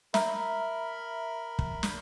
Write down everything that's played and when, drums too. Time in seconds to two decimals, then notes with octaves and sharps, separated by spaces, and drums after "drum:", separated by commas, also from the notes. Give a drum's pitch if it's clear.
0.14 A#4 E5 A#5 B5, drum: snare
1.59 drum: kick
1.83 drum: snare